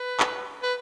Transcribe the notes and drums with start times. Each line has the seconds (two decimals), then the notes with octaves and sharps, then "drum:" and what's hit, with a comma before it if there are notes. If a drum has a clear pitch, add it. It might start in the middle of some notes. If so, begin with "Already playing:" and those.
Already playing: B4
0.20 drum: clap
0.63 B4